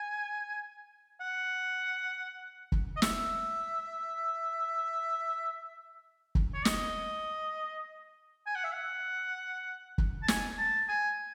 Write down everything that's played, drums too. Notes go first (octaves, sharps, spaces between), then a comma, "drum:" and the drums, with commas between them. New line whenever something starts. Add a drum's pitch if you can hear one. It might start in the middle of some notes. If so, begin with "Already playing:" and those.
Already playing: G#5
F#5
drum: kick
D#5
E5, drum: snare
drum: kick
C#5
D#5, drum: snare
G#5
F#5
E5
F#5
drum: kick
A5
G#5, drum: snare
A5
G#5